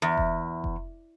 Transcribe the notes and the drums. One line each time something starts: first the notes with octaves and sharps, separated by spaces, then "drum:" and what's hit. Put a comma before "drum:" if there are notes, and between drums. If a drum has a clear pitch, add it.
E2
drum: kick F1
drum: kick F1